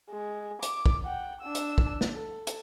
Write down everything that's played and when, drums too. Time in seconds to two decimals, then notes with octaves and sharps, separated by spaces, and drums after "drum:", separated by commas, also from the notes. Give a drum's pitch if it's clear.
0.10 G#3
0.63 D6, drum: hi-hat
0.86 drum: kick
1.05 F#5 G5
1.42 D4 E6
1.55 drum: hi-hat
1.78 drum: kick
2.01 drum: snare
2.12 A4
2.47 drum: hi-hat